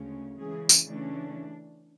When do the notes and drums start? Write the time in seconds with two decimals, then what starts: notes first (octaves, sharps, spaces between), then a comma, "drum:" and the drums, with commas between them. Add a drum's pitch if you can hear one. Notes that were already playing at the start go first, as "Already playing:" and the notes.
Already playing: D2 C#3 G#3 C#4
0.38 C#3 E3 G#3 C#4 G#4
0.69 drum: tambourine
0.88 C#3 E3 A3 C#4 D4